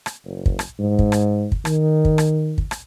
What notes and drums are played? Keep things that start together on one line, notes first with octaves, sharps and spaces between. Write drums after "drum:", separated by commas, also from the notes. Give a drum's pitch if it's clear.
drum: rim click
F#1
drum: kick
drum: rim click
G#2
drum: kick
drum: rim click
drum: kick
D#3, drum: rim click
drum: kick
drum: rim click
drum: kick
drum: rim click